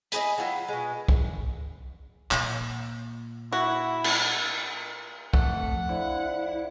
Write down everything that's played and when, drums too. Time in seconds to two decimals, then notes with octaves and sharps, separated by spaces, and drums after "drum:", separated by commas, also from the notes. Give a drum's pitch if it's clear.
0.12 E4 G#4 B4 D#5, drum: hi-hat
0.38 F#3 E4 F4 G5
0.68 B2 G#3
1.08 drum: kick
2.31 A#2, drum: clap
3.52 E4 F#4
4.04 drum: cymbal
5.34 F2 A3 F#5, drum: kick
5.89 D3 E4 C5 F5